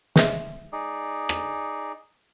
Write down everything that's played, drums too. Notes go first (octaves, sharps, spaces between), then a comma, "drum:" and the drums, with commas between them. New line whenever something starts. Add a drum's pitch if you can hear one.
G#3 E5, drum: snare
D#4 G#4 D5
drum: rim click